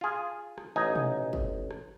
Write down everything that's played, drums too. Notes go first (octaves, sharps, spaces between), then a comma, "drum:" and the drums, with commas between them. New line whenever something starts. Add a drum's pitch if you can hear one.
F4 G#4
drum: rim click
A1 D#4 G#5
drum: tom B2
drum: kick
drum: rim click